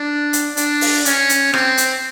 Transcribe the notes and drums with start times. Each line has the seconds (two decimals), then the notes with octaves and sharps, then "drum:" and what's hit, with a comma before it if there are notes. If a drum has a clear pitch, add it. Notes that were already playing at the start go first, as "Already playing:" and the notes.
Already playing: D4
0.33 drum: hi-hat
0.57 D4, drum: hi-hat
0.81 drum: open hi-hat
1.05 C#4, drum: hi-hat
1.29 drum: hi-hat
1.54 C4, drum: rim click
1.77 drum: hi-hat